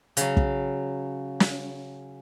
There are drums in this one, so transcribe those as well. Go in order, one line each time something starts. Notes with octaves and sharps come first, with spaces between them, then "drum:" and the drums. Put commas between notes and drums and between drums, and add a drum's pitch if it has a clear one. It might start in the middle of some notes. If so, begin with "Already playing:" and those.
C#3 F#3, drum: hi-hat
drum: kick
drum: snare